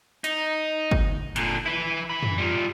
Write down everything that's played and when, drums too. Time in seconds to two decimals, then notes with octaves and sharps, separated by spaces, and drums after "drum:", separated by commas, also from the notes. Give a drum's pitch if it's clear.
0.24 D#4, drum: hi-hat
0.91 drum: kick G1
1.36 A#2 D3, drum: hi-hat
1.66 E4 B4
2.10 E3 B5
2.23 drum: tom
2.38 G3 F4